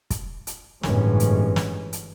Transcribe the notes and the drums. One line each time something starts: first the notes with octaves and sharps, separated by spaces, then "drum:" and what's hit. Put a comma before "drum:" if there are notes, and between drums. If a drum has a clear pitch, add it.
drum: kick, hi-hat
drum: hi-hat
G1 F#2 A2 E3 G#3 C#4, drum: snare
drum: hi-hat
drum: snare
drum: hi-hat